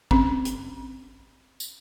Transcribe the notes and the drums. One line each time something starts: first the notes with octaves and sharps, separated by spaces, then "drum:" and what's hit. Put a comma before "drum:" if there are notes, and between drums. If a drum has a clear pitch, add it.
C4 C#4, drum: kick
drum: hi-hat
drum: tambourine